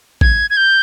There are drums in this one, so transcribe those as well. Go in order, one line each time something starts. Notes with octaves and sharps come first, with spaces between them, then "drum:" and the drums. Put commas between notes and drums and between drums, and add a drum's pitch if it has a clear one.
G#6, drum: kick
G#6
G6